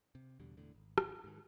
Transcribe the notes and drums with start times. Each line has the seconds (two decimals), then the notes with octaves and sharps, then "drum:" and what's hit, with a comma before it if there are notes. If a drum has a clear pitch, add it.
0.15 C3
0.40 E2 B2 D3 G3
0.57 E1 E2 A2 D3
0.74 G#1
0.98 drum: rim click
1.24 G#2 D#3